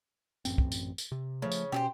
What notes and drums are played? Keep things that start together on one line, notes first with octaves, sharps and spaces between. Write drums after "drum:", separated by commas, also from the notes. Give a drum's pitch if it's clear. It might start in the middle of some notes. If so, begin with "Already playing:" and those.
A1 F#2 C4, drum: tambourine
drum: kick
drum: tambourine
drum: tambourine
C3
C#3 F3 A3
drum: tambourine
B2 C#4 G4 G#4 C5